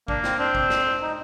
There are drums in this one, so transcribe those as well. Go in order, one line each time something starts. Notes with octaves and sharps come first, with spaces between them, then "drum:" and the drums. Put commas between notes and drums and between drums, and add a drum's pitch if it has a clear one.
A#3 D4, drum: kick A1
C4, drum: snare
C4 D4
drum: kick A1
drum: snare
D#4